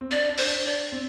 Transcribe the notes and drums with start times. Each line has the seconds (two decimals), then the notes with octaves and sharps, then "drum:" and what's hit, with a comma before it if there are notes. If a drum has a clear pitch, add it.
0.01 C4
0.11 D4 D5
0.29 D4
0.38 C5, drum: open hi-hat
0.47 D4
0.66 D4 D5
0.92 C4